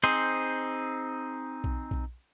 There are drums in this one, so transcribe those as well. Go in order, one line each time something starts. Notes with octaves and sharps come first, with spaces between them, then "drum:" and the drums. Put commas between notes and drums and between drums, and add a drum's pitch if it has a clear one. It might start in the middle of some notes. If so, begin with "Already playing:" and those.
C4 D#4 G#4 C5
drum: kick B1
drum: kick B1